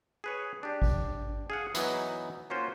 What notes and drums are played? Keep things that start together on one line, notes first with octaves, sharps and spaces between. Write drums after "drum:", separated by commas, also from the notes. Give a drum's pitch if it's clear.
G#4 B4 C#5
D4 G4
drum: kick G#1
G#4 F5 F#5
E3 F#3 B3 D#4, drum: hi-hat
A#3 C#4 F4 F#4 C5